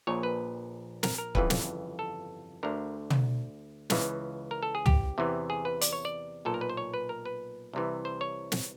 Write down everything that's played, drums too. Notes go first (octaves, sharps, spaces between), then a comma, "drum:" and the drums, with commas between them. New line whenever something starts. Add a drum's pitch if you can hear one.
A#1 A#2 C#5
B4
A#4, drum: snare
A#4
G1 F2 C#3 E3 B4, drum: kick C#1
drum: snare
A4
D2 D3 A#4
drum: tom
C#2 C#3 E3, drum: snare
A#4
A4
G#4
G4, drum: tom
E2 C3 E3
G#4
B4
D5, drum: hi-hat
C#5
D5
B1 A#2 A4
A#4
B4
C5
C#5
B4
A#4
B4
C2 C3 E3
C5
C#5
drum: snare